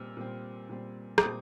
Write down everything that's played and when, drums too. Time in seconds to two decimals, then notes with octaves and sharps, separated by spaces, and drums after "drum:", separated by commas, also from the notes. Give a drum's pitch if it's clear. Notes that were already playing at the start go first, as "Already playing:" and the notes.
Already playing: A#2 G3 C4 E6 F6
0.17 A#2 G3 C4
0.69 A#2 G3 C4
1.18 D6, drum: rim click
1.22 A#2 G3 C4 D#6